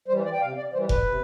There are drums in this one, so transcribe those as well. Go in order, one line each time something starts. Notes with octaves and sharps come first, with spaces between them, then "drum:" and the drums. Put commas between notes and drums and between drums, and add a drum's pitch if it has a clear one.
E3 G3 C5
D5
G5
C3 F5
D5
E3 G3 C5
B4, drum: kick F1
C3